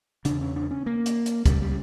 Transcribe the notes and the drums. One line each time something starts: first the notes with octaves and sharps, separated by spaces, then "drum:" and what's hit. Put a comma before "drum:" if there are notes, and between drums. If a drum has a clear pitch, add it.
E2 C#3 D4, drum: hi-hat
C#4
D4
C#4
A#3
drum: hi-hat
drum: hi-hat
C#2 C#3 G3, drum: kick, hi-hat
G3